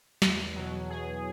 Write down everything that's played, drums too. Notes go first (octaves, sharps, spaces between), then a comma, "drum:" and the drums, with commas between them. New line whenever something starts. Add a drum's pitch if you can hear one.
E2, drum: snare
B2 F#3
E2 G#4